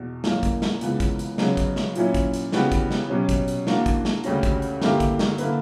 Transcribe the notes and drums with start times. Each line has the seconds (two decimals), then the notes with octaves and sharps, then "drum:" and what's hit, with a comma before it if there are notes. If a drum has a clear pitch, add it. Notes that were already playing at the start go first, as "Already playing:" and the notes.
Already playing: E2 B2
0.24 F#2 E3 A#3, drum: snare
0.43 drum: kick, hi-hat
0.62 drum: snare
0.81 C#2 C#3 E3 B3, drum: hi-hat
1.00 drum: kick, hi-hat
1.19 drum: hi-hat
1.38 C#3 F#3 B3, drum: snare
1.57 drum: kick, hi-hat
1.76 drum: snare
1.95 A#2 F#3 C#4 E4, drum: hi-hat
2.14 drum: kick, hi-hat
2.34 drum: hi-hat
2.52 C#3 E3 G3 B3 F#4, drum: snare
2.72 drum: kick, hi-hat
2.91 drum: snare
3.10 B2 F#3 C#4 G4
3.29 drum: kick, hi-hat
3.48 drum: hi-hat
3.67 E3 A#3 D4 F#4, drum: snare
3.86 drum: kick, hi-hat
4.05 drum: snare
4.24 D2 C#3 G3 C#4 F#4, drum: hi-hat
4.43 drum: kick, hi-hat
4.62 drum: hi-hat
4.82 G2 D3 A#3 E4 G4, drum: snare
5.00 drum: kick, hi-hat
5.19 drum: snare
5.38 D3 A#3 E4 B4, drum: hi-hat